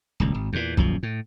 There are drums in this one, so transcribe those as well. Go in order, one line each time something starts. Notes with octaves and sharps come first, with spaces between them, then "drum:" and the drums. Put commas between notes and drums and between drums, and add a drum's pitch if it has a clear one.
D#1 C#2
G#1
E2 A#2
D#1 F#2 F3, drum: kick
A2